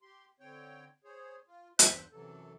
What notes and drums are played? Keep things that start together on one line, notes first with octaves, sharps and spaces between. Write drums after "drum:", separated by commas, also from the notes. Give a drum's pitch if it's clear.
G4 C6
D3 C4 C#5 G5
G#4 C5 C#5
F4
E2 G2 C5 E5 F#6 G6, drum: hi-hat
F#2 C3 E3 F#3 A4